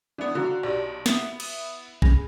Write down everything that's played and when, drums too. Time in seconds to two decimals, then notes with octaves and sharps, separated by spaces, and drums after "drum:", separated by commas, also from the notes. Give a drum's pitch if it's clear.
0.18 E3 B3 D4
0.35 D3 F4 F#4 A#5
0.63 B1 D#4 G4 D5
1.06 B3 E4, drum: snare
1.40 D#6, drum: cymbal
2.02 C#4 G#4 G#5, drum: kick A#1